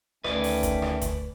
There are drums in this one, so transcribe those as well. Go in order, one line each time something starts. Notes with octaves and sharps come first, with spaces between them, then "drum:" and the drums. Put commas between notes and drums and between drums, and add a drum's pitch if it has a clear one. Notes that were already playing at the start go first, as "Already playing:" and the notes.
D2 D#3 A3 C#4 B4 D5, drum: rim click
drum: open hi-hat
drum: kick E1, hi-hat
drum: rim click
drum: kick E1, hi-hat